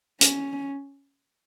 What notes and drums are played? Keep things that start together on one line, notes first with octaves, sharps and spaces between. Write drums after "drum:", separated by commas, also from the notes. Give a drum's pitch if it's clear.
C#4, drum: hi-hat